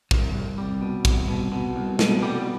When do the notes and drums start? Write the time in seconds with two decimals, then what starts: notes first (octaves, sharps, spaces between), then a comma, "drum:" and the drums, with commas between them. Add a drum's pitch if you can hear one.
0.11 C2, drum: kick
0.34 C2
0.58 G3
0.81 B2
1.05 C2, drum: kick, cymbal
1.28 B2
1.52 B2
1.76 C2
1.99 B2, drum: snare
2.22 G3